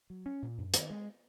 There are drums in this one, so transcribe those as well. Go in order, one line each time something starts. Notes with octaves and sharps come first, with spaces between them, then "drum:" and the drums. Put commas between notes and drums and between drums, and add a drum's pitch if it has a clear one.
F#3
C#4
A#2
F#2
D#3, drum: hi-hat
G#3